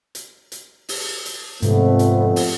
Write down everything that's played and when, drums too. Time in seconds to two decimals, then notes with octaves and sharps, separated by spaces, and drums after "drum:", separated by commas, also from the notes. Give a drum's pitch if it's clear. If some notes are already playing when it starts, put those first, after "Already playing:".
0.15 drum: hi-hat
0.52 drum: hi-hat
0.89 drum: open hi-hat
1.25 drum: hi-hat
1.62 F2 G#2 C3 A3 B3, drum: hi-hat
1.99 drum: hi-hat
2.36 drum: open hi-hat